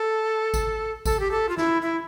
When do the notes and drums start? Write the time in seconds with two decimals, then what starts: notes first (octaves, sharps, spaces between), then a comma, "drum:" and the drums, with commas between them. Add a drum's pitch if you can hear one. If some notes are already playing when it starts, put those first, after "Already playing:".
Already playing: A4
0.54 drum: kick G#1, tambourine
1.06 A4, drum: kick G#1, tambourine
1.20 G4
1.31 A4
1.49 F4
1.57 E4, drum: snare
1.82 E4